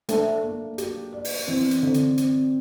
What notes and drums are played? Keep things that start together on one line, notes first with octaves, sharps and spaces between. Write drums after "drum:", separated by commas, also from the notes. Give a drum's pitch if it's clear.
A3 D4, drum: hi-hat
A#3
G4, drum: hi-hat
D5
drum: open hi-hat
E3 C4
drum: hi-hat
D3 C4
drum: hi-hat
C4, drum: hi-hat